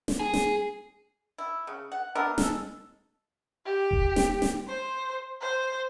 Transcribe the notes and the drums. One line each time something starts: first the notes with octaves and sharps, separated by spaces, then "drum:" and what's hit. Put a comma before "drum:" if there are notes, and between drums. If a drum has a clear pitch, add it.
drum: snare
G#4
drum: snare
E4
C#3
F#5
B3 D4 E4 A#4
G#3 A4, drum: snare
G4
drum: kick D#1
drum: snare
drum: snare
C5
C5